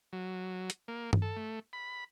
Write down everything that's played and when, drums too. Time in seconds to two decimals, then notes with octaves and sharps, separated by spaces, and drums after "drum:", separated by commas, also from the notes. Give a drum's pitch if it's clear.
0.13 F#3
0.70 drum: hi-hat
0.88 A#3
1.13 drum: tom G2
1.22 A4
1.37 A3
1.73 B5